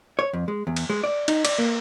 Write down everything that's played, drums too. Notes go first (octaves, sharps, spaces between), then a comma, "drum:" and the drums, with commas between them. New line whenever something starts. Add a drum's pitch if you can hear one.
C#5
F2
G#3
E2
drum: cymbal
G#3
D5
D#4, drum: cymbal
D5, drum: cymbal
A#3